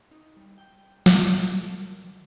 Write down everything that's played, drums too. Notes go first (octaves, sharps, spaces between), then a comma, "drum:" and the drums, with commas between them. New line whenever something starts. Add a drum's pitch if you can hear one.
D#4
G3
G5
A3, drum: snare
A4
A#4
D#3